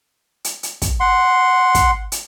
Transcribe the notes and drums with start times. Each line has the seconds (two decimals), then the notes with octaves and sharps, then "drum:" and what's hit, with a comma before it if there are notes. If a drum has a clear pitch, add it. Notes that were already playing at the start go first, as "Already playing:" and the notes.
0.44 drum: hi-hat
0.63 drum: hi-hat
0.82 drum: kick, hi-hat
1.00 F#5 C6
1.75 drum: kick, hi-hat
2.12 drum: hi-hat